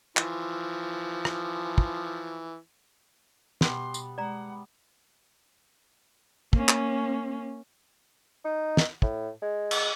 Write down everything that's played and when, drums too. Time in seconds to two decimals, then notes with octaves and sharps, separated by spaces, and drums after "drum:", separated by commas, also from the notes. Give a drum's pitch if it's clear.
0.17 E3 F3, drum: clap
1.25 drum: rim click
1.78 drum: kick
3.61 B2 G3 B3 A5 C6, drum: snare
3.94 drum: tambourine
4.18 G#3 D5 F#5 A#5
6.53 A#3 C#4, drum: kick
6.68 drum: clap
8.44 D#4
8.77 drum: snare
9.02 A2, drum: kick
9.42 G#3
9.71 drum: cymbal